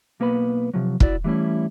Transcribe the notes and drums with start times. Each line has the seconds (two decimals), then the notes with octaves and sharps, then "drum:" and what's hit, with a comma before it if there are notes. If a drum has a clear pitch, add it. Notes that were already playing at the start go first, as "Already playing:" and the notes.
0.20 B1 A#3 B3 B4 B5
0.74 C3 F3 F#3
1.00 E4 F#4 D5, drum: kick
1.24 E3 G3 A3 C#4 E4